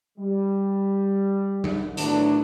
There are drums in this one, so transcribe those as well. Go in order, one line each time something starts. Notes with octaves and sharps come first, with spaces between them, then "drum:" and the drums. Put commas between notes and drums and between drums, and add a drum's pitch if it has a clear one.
G3
drum: tom F#3
A2 D#3 E3 F#3 B3 D4, drum: hi-hat